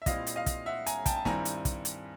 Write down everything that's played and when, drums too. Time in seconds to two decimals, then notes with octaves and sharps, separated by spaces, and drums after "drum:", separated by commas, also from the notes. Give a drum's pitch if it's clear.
0.02 E5
0.06 A#2 G3 C4 E4 D#5 F5, drum: kick, hi-hat
0.27 drum: hi-hat
0.36 D#5 F5
0.46 drum: kick, hi-hat
0.66 E5 F#5
0.86 G#5 A#5, drum: hi-hat
1.06 G5 A5, drum: kick, hi-hat
1.16 A5
1.25 G2 D#3 G3 C4 E4 G#5 A#5, drum: snare
1.45 drum: hi-hat
1.65 drum: kick, hi-hat
1.85 drum: hi-hat